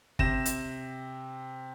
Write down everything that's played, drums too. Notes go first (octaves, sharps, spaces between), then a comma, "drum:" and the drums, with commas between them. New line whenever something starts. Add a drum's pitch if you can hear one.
C3 A#6 E7, drum: kick G1
drum: hi-hat